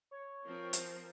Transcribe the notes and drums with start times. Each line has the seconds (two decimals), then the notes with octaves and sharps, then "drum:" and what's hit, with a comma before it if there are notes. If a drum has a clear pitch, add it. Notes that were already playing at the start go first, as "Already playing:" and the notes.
0.11 C#5
0.45 F3 C4 A#4
0.73 drum: hi-hat